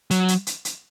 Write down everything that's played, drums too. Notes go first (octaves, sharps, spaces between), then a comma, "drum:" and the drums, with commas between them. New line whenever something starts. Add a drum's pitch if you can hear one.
F#3, drum: hi-hat
drum: hi-hat
drum: hi-hat
drum: hi-hat